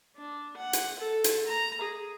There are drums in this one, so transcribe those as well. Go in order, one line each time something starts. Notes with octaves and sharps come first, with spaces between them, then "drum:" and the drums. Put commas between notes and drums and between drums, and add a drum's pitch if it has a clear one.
D4
F#5
drum: hi-hat
A4
drum: hi-hat
A#5
G#4